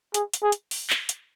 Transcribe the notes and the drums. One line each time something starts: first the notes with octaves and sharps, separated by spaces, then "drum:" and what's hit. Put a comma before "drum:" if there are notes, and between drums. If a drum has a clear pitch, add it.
G#4, drum: hi-hat
drum: hi-hat
G#4
drum: hi-hat
drum: open hi-hat
drum: clap
drum: hi-hat